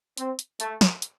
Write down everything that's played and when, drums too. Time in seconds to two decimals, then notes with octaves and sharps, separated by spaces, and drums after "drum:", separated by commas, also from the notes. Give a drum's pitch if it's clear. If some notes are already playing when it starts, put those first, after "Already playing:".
0.17 C4, drum: hi-hat
0.39 drum: hi-hat
0.60 A3, drum: hi-hat
0.81 drum: snare
1.02 drum: hi-hat